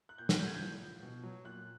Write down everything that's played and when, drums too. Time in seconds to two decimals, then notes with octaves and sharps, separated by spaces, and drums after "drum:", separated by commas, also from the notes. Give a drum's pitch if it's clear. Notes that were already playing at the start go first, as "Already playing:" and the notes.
0.09 F#6
0.18 A#2 G6
0.29 drum: snare
0.39 F3 G6
0.46 G#6
0.55 G6
0.60 A2
0.82 F3
1.02 B2
1.23 F#3
1.44 A#2 F#6